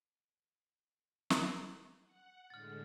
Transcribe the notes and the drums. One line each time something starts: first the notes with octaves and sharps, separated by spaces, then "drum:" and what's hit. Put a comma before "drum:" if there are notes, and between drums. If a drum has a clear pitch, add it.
drum: snare
F#5
A2 D3 G#3 F6 A6